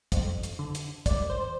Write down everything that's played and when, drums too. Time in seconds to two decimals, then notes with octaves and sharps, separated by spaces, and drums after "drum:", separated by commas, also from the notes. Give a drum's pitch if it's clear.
0.12 F2, drum: kick, hi-hat
0.43 drum: hi-hat
0.59 D3
0.75 drum: hi-hat
1.06 D#2 D5, drum: kick, hi-hat
1.30 C5